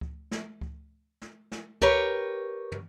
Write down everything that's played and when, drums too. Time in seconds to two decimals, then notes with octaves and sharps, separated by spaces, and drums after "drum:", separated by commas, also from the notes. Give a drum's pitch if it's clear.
0.01 drum: kick C#2
0.31 drum: snare
0.61 drum: kick C#2
1.21 drum: snare
1.52 drum: snare
1.82 G4 A#4 B4 C#5, drum: kick C#2
2.72 drum: tom